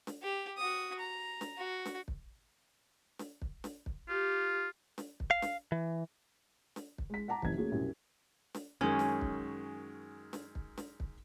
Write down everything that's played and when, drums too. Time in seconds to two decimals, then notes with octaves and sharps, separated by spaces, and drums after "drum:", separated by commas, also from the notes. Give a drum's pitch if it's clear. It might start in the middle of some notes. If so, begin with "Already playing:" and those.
0.07 drum: snare
0.22 G4
0.58 F#4 D#6
0.99 A#5
1.41 drum: snare
1.57 F#4
1.85 drum: snare
2.08 drum: kick
3.19 drum: snare
3.42 drum: kick
3.64 drum: snare
3.86 drum: kick
4.08 F4 G4
4.98 drum: snare
5.20 drum: kick
5.31 F5
5.42 drum: snare
5.72 E3
6.76 drum: snare
6.98 drum: kick
7.10 G#3 B6
7.28 F#5 A5 A#5 D6
7.42 F#1 C3 E3 G#6, drum: kick
7.57 A3 A#3 C#4 F#4 G#4
7.71 C2 F#2 B2
8.54 drum: snare
8.81 F#2 D#3 G#3 C#4
8.99 drum: snare
9.21 drum: kick
10.33 drum: snare
10.55 drum: kick
10.77 drum: snare
11.00 drum: kick